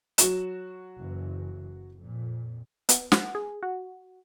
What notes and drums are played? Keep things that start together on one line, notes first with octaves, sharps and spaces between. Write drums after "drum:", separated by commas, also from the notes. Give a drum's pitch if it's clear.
F#3 F#4 E7, drum: hi-hat
F#1 E3
F2 A#2
B3, drum: hi-hat
F#5, drum: snare
G#4
F#4